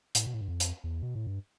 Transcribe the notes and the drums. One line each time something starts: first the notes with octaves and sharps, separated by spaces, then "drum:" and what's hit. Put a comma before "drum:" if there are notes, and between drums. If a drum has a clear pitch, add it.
A2, drum: hi-hat
B2
A2
G2
F2
drum: hi-hat
E2
B2
A2
G2